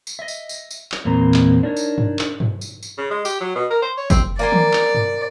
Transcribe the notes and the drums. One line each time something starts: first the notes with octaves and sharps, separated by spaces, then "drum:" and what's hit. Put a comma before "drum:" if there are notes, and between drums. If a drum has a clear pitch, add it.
drum: tambourine
D#5 E5
drum: tambourine
drum: tambourine
drum: tambourine
drum: clap
E2 A#2 A#3 C4 A#5
drum: clap
D4 D#4 A#4 C#5
drum: tambourine
drum: tom G2
drum: clap
drum: tom G2
drum: tambourine
drum: tambourine
C#3
G#3
G4, drum: tambourine
F#3
B2
A#4
C5
C#5
C4, drum: kick, tambourine
A#3 D5 G#5 C6
drum: tom D#3
drum: clap
drum: tom G2